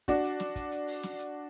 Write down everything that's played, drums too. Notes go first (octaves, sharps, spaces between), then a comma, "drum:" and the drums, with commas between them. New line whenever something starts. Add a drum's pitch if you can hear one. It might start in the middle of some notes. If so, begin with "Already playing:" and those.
D4 F#4, drum: kick, hi-hat
drum: hi-hat
drum: snare
drum: kick, hi-hat
drum: hi-hat
drum: open hi-hat
drum: snare
drum: hi-hat